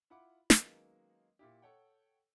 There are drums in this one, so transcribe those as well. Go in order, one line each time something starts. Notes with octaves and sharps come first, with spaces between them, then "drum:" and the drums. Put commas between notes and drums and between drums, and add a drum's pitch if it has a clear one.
E4 F4 F#5 B5 D6
D#3 F#3 G#3 A#3 B3 C#4, drum: snare
A#2 E4 G4
A4 C#5 F#5 G5